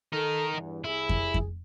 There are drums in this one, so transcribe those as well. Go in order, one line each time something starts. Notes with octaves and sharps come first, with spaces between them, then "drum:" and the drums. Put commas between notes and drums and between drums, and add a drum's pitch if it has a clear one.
D#4 A4 A#4
E2 G2
C2 E4 G#4
drum: kick F2
drum: kick F2